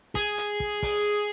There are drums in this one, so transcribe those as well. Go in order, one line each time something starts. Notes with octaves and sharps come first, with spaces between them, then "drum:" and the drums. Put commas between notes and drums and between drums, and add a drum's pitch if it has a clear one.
G#4, drum: kick
drum: hi-hat
drum: kick
drum: kick, open hi-hat